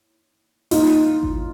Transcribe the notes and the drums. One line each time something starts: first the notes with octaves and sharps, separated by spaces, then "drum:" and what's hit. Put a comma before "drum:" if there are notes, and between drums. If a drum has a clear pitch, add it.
D#4 F4, drum: open hi-hat
drum: kick G#1